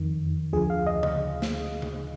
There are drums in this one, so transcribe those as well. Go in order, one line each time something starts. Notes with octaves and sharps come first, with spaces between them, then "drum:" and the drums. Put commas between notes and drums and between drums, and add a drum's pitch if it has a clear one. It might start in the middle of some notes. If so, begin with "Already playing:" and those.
Already playing: F2 D#3
D2 D3 F3 G#4
F5
D#5
D#5, drum: tom C#3
drum: snare
drum: tom C#3